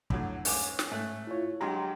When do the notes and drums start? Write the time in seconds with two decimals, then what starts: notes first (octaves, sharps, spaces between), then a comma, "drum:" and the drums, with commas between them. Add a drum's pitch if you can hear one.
0.10 F2 A2 D3 F#3, drum: kick
0.45 G#2 C#4 G#5 D6, drum: open hi-hat
0.79 drum: snare
0.92 G#2 A3 F#6
1.27 E4 F4 C#5
1.61 G2 F#3 G#3 G4 A#5 C6